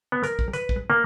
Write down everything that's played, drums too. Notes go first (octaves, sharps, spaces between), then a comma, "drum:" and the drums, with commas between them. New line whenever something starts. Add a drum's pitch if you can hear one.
B3
A#4, drum: hi-hat
drum: kick
B4, drum: hi-hat
drum: kick
A#3